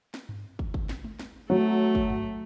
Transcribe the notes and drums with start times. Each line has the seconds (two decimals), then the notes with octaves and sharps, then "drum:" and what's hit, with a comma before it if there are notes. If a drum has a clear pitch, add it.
0.14 drum: snare
0.29 drum: tom G2
0.59 drum: kick
0.74 drum: kick
0.89 drum: snare
1.04 drum: tom G#3
1.20 drum: snare
1.50 F#3 A3
1.95 drum: kick
2.10 drum: tom G2